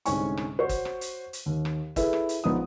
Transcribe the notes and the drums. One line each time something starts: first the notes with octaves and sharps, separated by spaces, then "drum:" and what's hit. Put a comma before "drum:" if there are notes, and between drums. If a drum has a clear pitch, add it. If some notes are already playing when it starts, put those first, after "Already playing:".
C2 G#2 D3 C#4 G#5 C#6, drum: hi-hat
drum: rim click
F#4 C5 C#5 C#6
drum: kick G1, hi-hat
drum: rim click
drum: hi-hat
drum: hi-hat
D#2
drum: rim click
E4 G#4 A4 B4 E5, drum: kick G1, hi-hat
drum: rim click
drum: hi-hat
A#1 F3 B3 D#4 D#6